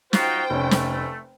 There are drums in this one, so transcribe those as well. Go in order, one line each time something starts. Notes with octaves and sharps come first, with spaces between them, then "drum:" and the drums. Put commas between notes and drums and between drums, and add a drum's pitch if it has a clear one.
D#4 F4 F#4 C5 G5, drum: snare
F1 A3 C#4
drum: snare